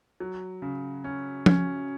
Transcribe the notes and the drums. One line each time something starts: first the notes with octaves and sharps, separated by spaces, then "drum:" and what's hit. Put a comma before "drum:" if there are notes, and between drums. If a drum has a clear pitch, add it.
F#3
C#3
C#4
C#4, drum: tom